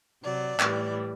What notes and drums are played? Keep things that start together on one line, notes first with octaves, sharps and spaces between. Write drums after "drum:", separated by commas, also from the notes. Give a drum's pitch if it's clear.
C3 F#3 D5
A2 E3 G3, drum: clap